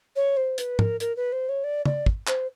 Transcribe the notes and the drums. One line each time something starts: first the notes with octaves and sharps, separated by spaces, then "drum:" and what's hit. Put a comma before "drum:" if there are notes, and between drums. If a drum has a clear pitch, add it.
C#5
C5
B4, drum: hi-hat
A#4, drum: tom
A#4, drum: hi-hat
B4
C5
C#5
D5
D5, drum: tom
drum: kick
C5, drum: clap